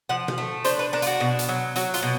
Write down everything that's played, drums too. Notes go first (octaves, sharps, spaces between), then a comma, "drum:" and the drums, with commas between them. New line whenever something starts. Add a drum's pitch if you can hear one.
F3 F#5
F5, drum: tom B2
A3
D4 C5, drum: hi-hat
B4
D4 A#4
F4, drum: hi-hat
F#4
B2
drum: hi-hat
F#3
F#3 F#4, drum: hi-hat
F4, drum: hi-hat
B2